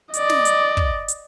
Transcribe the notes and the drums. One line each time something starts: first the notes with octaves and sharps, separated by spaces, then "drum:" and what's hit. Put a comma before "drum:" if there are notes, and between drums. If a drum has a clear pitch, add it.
D5 D#5, drum: hi-hat
drum: snare
drum: hi-hat
drum: kick
drum: hi-hat